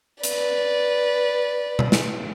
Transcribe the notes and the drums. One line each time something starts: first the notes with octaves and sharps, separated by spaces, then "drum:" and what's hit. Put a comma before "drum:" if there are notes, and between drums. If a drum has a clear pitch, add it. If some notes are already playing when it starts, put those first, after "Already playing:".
B4 D5, drum: hi-hat
drum: tom B2
drum: snare